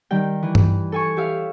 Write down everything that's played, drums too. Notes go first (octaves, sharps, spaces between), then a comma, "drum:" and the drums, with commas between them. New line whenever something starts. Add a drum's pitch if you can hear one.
D#3 G3 G5
E3
drum: tom G2
A4 G#5 C#6
G4 C#5 E5 F5